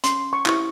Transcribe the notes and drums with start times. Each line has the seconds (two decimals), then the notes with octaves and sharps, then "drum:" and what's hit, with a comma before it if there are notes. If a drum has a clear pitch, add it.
0.04 C#4 C6, drum: hi-hat
0.33 C#6
0.46 E4 G4 C5 C#6, drum: clap